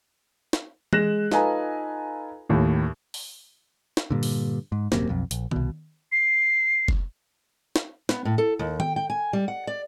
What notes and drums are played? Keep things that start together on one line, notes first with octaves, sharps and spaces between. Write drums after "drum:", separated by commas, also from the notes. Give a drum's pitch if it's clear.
drum: snare
G#3 F#6 A#6 E7, drum: tom E3
D#4 F4 A4 B4 G#5 A#5, drum: snare
D#2 A2
drum: open hi-hat
drum: snare
G2 A#2 D3
drum: open hi-hat
G#2
D#1 F#2 C3 A#3, drum: snare
B1 F2
A#1, drum: hi-hat
C2 B2, drum: tom D#3
C7
drum: kick
drum: snare
B3, drum: snare
A2
A4
D#2
G5, drum: tom D#3
G5
G#5
G3
F#5
D5